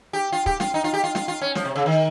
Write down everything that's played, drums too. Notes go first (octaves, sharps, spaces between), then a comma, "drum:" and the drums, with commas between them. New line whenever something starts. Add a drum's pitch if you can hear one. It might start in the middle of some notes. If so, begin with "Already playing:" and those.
G4
F4
G4, drum: kick
F4, drum: snare
D#4
F4
G4
F4
F4, drum: snare
F4
C#4
F3, drum: snare
C3
C#3
D#3